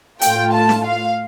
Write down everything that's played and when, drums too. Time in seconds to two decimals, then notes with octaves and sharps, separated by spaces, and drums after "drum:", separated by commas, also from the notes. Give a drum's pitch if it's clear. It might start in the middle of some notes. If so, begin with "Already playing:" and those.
0.21 A2 A3 F4 G5, drum: hi-hat
0.53 A5
0.69 drum: snare
0.85 F5